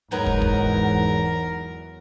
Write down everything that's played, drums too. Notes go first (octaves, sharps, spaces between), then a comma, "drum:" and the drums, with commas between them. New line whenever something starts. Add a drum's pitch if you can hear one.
E2 G#2 F#3 B3 D#4 A#4
drum: kick
drum: kick